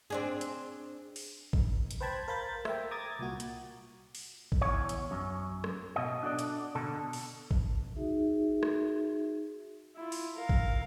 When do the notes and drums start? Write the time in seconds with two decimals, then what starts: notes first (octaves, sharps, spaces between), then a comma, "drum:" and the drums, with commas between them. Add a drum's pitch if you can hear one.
0.10 C4 D4 G#4
0.41 drum: hi-hat
1.16 drum: open hi-hat
1.53 drum: kick A1
1.91 drum: hi-hat
2.01 B4 C5 G5 A5 B5 G#6
2.28 A#4 C5 F5 B5 G6 A6
2.65 E5 G5, drum: rim click
2.91 A#5 D6 D#6 G#6 A6
3.19 C2 A#2 F#4
3.40 drum: hi-hat
4.15 drum: open hi-hat
4.52 drum: kick A1
4.61 E2 C#5
4.89 drum: hi-hat
5.11 F#2
5.64 drum: rim click
5.96 B2 D#5
6.23 D4 F#4 A4 D5 D#5
6.39 drum: hi-hat
6.75 B2 D3 A4
7.13 drum: open hi-hat
7.51 drum: kick A1
7.96 D#4 F#4 G#4 E5
8.63 drum: rim click
9.96 E4 F4
10.12 drum: open hi-hat
10.35 A#4 F5
10.49 drum: kick A1